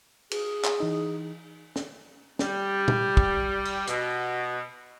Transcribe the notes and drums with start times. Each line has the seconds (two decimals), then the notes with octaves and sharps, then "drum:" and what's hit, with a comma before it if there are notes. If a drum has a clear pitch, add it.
0.31 G#4, drum: cymbal
0.64 drum: clap
0.80 E3 D#4
1.76 drum: snare
2.39 G3, drum: snare
2.88 drum: tom A#2
3.17 drum: kick
3.65 drum: cymbal
3.87 B2, drum: hi-hat